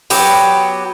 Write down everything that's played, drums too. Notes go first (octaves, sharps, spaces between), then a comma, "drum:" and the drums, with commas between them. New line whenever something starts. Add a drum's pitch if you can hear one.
F#3 B3 G4, drum: open hi-hat